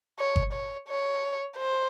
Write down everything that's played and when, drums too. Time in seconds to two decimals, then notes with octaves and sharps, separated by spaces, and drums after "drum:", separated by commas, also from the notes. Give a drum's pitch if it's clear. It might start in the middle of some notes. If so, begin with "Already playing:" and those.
0.19 C#5
0.36 drum: kick G1
0.53 C#5
0.88 C#5
1.57 C5